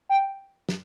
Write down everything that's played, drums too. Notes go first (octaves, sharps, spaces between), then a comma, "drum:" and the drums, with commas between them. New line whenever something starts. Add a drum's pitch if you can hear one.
G5
drum: snare